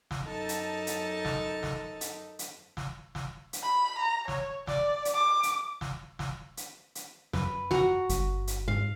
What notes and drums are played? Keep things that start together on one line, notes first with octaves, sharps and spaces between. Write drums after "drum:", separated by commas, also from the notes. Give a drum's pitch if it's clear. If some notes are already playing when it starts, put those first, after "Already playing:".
drum: snare
F#2 D#4 A4 A5
drum: hi-hat
drum: hi-hat
drum: snare
drum: snare
drum: hi-hat
drum: hi-hat
drum: snare
drum: snare
drum: hi-hat
B5
A#5
C#5, drum: snare
D5, drum: snare
drum: hi-hat
D6
drum: hi-hat
drum: snare
drum: snare
drum: hi-hat
drum: hi-hat
F#2 B4, drum: snare
F#4 A#5, drum: snare
G1, drum: hi-hat
drum: hi-hat
G#2 F5